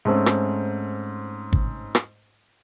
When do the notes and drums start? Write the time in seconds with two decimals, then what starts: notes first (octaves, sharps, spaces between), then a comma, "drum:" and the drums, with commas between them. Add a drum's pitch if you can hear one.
0.05 G#2 A3 C4 C#4
0.26 drum: rim click
1.53 drum: kick
1.95 drum: rim click